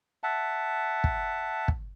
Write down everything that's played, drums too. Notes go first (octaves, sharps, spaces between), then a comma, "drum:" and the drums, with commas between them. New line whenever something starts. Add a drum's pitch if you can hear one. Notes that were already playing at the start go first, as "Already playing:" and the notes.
E5 F#5 A5
drum: kick
drum: kick